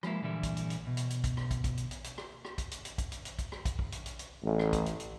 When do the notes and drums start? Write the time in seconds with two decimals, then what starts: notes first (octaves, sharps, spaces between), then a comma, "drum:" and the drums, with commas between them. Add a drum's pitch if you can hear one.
0.03 F3 G#3 A#3 E4, drum: rim click
0.22 A#2 D3 E3 G3 E4
0.43 drum: kick, hi-hat
0.57 drum: hi-hat
0.70 drum: hi-hat
0.87 B2
0.97 drum: hi-hat
1.10 drum: hi-hat
1.24 drum: kick, hi-hat
1.37 drum: rim click
1.51 drum: kick, hi-hat
1.64 drum: kick, hi-hat
1.77 drum: hi-hat
1.91 drum: hi-hat
2.04 drum: hi-hat
2.18 drum: rim click
2.45 drum: rim click
2.58 drum: kick, hi-hat
2.71 drum: hi-hat
2.85 drum: hi-hat
2.98 drum: kick, hi-hat
3.12 drum: hi-hat
3.25 drum: hi-hat
3.39 drum: kick, hi-hat
3.52 drum: rim click
3.65 drum: kick, hi-hat
3.79 drum: kick
3.92 drum: hi-hat
4.06 drum: hi-hat
4.19 drum: hi-hat
4.42 A1
4.59 drum: rim click
4.73 drum: kick, hi-hat
4.86 drum: hi-hat
5.00 drum: hi-hat